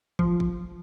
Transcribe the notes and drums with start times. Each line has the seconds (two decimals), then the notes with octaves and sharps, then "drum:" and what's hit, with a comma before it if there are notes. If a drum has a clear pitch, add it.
0.19 F3, drum: kick
0.40 drum: kick